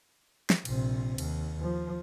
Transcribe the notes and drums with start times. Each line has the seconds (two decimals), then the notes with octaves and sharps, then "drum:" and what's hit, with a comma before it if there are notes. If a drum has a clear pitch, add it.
0.50 drum: snare
0.65 A#1 C3, drum: cymbal
1.18 D#2, drum: cymbal
1.61 F3